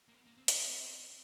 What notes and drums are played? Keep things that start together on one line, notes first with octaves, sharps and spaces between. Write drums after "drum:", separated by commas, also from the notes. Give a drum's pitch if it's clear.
A#3
B3
A#3
C4
B3, drum: hi-hat
A#3
B3
C4